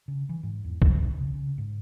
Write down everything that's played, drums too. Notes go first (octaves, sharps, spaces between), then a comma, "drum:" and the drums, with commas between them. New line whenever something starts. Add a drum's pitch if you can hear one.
C#3
E3
G#2
E2
D#3, drum: kick
C3
C#3
C#3
G#2